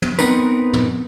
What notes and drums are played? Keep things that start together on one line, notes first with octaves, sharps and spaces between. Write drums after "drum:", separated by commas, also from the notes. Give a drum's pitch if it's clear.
drum: tom
B3 C4 D#4 A#4 B4, drum: tambourine
drum: tom